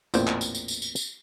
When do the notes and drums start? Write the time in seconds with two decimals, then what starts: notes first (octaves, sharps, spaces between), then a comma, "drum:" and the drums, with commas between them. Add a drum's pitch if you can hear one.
0.14 A1 E2 A#2 C4 G5, drum: tambourine
0.27 drum: clap
0.41 drum: tambourine
0.55 drum: tambourine
0.68 drum: tambourine
0.82 drum: tambourine
0.96 drum: tambourine